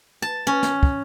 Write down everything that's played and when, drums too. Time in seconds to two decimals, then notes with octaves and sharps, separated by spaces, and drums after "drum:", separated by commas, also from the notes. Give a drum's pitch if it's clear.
0.22 A5
0.47 C#4
0.63 drum: snare
0.83 drum: kick